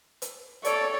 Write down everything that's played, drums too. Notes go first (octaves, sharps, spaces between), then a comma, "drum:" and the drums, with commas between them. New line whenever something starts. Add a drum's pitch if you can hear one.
drum: hi-hat
A4 C#5 D5, drum: hi-hat